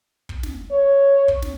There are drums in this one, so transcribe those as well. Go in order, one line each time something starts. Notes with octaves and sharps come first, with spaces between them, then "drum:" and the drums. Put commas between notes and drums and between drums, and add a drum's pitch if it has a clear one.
drum: kick
drum: snare
C#5
drum: kick
drum: snare